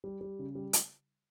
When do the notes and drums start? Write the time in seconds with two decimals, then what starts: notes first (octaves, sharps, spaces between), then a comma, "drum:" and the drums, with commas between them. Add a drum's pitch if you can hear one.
0.04 G3
0.21 G3
0.39 C#3
0.55 G3
0.73 drum: hi-hat